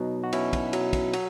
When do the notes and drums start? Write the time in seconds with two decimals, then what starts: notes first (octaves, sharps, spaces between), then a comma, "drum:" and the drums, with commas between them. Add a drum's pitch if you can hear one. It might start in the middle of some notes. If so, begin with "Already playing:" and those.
Already playing: B2 F#3 D#4
0.23 F#4
0.32 B2 C#4 E4, drum: cymbal
0.53 drum: kick, cymbal
0.73 F#3, drum: cymbal
0.93 drum: kick, cymbal
1.13 F#3, drum: cymbal